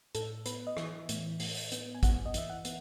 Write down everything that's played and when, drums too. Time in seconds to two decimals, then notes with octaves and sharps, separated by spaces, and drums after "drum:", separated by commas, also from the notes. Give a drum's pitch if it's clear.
0.15 A2 A4, drum: hi-hat
0.46 B3 B4, drum: hi-hat
0.67 D#5
0.77 E3 E5, drum: rim click
1.09 A2, drum: hi-hat
1.40 A2, drum: open hi-hat
1.72 B3, drum: hi-hat
1.95 G#5
2.03 B3 F#5, drum: kick, hi-hat
2.26 D#5
2.34 E3 E5, drum: hi-hat
2.50 F#5
2.65 B3, drum: hi-hat